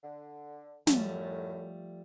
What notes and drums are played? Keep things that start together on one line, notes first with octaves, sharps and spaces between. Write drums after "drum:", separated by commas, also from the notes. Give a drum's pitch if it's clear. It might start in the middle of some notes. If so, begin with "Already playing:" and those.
D3
F#2 A2 F3 G3 A3, drum: snare